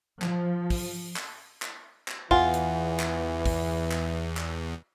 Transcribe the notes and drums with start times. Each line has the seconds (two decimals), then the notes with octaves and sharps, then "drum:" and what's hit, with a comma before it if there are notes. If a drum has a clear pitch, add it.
0.22 F3, drum: clap
0.70 drum: kick, open hi-hat
1.16 drum: clap
1.62 drum: clap
2.08 drum: clap
2.31 E2 E3 F4 F#5 G#5, drum: kick
2.54 drum: hi-hat
3.00 drum: clap
3.46 drum: kick, open hi-hat
3.91 drum: clap
4.37 drum: clap